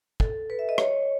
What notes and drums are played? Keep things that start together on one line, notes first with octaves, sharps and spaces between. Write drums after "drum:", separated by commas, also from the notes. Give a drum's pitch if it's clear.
A4, drum: kick
B4
E5
D#5
C#5, drum: rim click